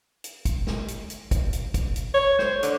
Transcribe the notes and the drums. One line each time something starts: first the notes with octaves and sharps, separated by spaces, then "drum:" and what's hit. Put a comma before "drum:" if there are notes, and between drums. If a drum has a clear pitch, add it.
drum: hi-hat
drum: kick, hi-hat
drum: snare
drum: hi-hat
drum: hi-hat
drum: kick, hi-hat
drum: hi-hat
drum: kick, hi-hat
drum: hi-hat
C#5
C5, drum: snare
D3, drum: hi-hat